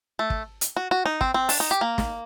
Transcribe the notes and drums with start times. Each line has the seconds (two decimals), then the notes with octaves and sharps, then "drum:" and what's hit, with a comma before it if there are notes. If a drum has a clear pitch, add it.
0.19 A3
0.30 drum: kick
0.61 drum: hi-hat
0.76 F#4
0.91 F#4
1.06 D#4
1.21 C4, drum: kick
1.34 C4
1.49 D4, drum: open hi-hat
1.60 D#4
1.71 G4
1.81 A#3
1.98 drum: snare